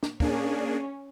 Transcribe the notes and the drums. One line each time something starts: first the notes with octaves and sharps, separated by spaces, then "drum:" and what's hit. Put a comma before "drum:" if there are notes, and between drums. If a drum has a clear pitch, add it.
drum: snare
A#3 C#4 D4 G#4, drum: kick